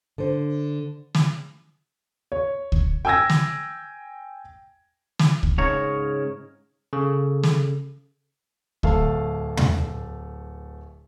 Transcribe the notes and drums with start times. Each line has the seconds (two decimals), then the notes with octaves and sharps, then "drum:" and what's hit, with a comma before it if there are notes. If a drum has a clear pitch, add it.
0.18 D3 C5
1.15 drum: snare
2.32 C#5
2.72 drum: kick C#2
3.05 G5 G#5 E6 G#6 A#6
3.30 drum: snare
5.19 drum: snare
5.43 drum: kick C#2
5.58 G#2 C#3 A#4 C#5 A#5
6.93 C#3 A4
7.43 drum: snare
8.83 D1 A3 A4 F5 A5, drum: kick C#2
9.57 drum: tom